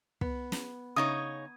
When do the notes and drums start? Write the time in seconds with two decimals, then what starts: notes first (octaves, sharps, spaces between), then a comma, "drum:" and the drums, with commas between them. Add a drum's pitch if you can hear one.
0.21 B3, drum: kick
0.52 drum: snare
0.96 C#3 D#4 C#5 D#6 G#6